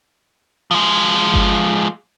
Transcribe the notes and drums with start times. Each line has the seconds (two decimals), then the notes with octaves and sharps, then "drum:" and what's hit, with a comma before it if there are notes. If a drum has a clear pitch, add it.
0.71 F3 G#3
1.34 drum: kick G1